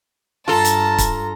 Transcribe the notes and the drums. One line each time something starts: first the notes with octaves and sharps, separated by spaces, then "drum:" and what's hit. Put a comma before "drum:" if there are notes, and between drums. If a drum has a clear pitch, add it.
G2 F4 A4 A5 A#5
drum: hi-hat
drum: kick, hi-hat